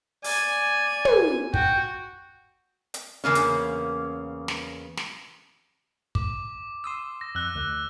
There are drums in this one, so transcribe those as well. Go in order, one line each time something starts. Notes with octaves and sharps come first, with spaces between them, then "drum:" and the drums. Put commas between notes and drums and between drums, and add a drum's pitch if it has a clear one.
D5 G#5, drum: open hi-hat
drum: tom
F#4 G5, drum: kick
drum: hi-hat
E2 C#3 A#3 C#4
drum: hi-hat
drum: snare
drum: snare
D6, drum: kick
C6 D#6 E6
A#6
F2 E6 F#6
D2